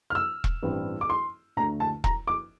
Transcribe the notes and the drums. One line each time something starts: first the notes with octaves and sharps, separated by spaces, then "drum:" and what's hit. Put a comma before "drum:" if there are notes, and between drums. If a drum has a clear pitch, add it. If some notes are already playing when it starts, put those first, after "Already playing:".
F6
E6
drum: kick E1
A1 G2 E3 G3 C4
D6
C6
D2 D3 A3 A#5
A5
A#5, drum: kick E1
D6